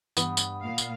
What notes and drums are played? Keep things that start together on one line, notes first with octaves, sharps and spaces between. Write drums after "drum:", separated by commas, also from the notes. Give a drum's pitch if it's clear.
G2 E3 B3 F#5 B5 D#6, drum: tambourine
drum: tambourine
A#2 F5
drum: tambourine